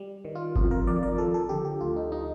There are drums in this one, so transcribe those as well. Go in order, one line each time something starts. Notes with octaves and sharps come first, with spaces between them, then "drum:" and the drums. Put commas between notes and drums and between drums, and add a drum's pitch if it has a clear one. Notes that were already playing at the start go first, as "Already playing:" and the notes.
Already playing: G3
D#3
F4
F2 F4, drum: kick G1
A#4
F2 D5
D5
F3 A4
A4
D3 G4
G4
D2 F4
D#4
D#4